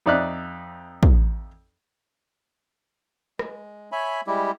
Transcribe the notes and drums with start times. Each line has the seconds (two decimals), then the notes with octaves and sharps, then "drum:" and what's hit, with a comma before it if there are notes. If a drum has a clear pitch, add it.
0.06 F2 D#4 D5 E5 F#6
1.03 drum: kick
3.39 G#3, drum: rim click
3.92 C#5 E5 G#5 B5
4.27 G3 G#3 E4 G4